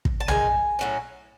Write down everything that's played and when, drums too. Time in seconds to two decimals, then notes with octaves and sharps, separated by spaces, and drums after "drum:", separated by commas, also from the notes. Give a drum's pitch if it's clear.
0.05 drum: kick
0.20 A5
0.28 D#3 G#3 D#4 G#5, drum: tom B1
0.79 A2 F#3 C#4